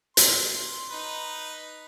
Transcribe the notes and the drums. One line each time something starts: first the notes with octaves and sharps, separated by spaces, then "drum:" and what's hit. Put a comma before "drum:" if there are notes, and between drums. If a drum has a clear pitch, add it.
C6, drum: hi-hat
D#4 B4